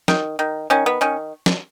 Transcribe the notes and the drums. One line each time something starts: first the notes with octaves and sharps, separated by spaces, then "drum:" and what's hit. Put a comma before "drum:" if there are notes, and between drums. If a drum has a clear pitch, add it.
D#3, drum: snare
D#3
D#3 C#4
B3
D#3 C#4
drum: snare